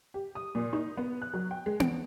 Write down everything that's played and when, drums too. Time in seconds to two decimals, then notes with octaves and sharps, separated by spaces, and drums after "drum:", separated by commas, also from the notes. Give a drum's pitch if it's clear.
0.14 G4
0.35 D#6
0.55 A#2
0.73 D#4
0.97 B3
1.22 F#6
1.34 F#3
1.51 G5
1.66 G#3
1.80 D7, drum: tom B3